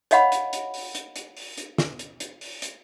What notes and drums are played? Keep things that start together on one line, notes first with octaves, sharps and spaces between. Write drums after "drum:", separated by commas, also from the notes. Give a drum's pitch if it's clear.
C#5 D#5 F5 F#5 B5, drum: hi-hat
drum: hi-hat
drum: hi-hat
drum: open hi-hat
drum: hi-hat
drum: hi-hat
drum: open hi-hat
drum: hi-hat
drum: snare
drum: hi-hat
drum: hi-hat
drum: open hi-hat
drum: hi-hat